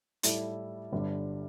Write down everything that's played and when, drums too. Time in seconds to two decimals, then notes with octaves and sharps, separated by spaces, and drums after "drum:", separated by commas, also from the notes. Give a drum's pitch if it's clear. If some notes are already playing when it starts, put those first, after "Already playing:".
0.23 A2 G3 E4 A4, drum: hi-hat
0.92 G1 G2 D3 G3